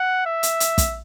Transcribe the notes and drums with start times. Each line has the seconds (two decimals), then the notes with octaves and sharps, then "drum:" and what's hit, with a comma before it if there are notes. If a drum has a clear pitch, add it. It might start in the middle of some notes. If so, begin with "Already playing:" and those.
Already playing: F#5
0.26 E5
0.43 drum: hi-hat
0.60 drum: hi-hat
0.78 drum: kick, hi-hat